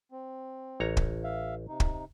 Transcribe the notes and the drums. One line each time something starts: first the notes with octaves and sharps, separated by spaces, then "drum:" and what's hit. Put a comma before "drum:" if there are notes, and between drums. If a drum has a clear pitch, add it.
C4
A1 C#5 A#5
drum: kick
E5 F5
C3 D#4
drum: kick